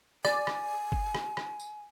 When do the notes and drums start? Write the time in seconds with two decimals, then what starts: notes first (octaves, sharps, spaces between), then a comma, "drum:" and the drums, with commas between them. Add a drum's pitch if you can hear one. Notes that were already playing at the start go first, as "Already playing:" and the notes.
0.25 D5 G#5, drum: rim click
0.47 drum: rim click
0.92 drum: kick G1
1.15 drum: rim click
1.37 drum: rim click
1.59 drum: tambourine